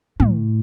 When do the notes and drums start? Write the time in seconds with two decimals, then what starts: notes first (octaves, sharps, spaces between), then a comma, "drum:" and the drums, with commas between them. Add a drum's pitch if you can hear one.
0.20 A2, drum: tom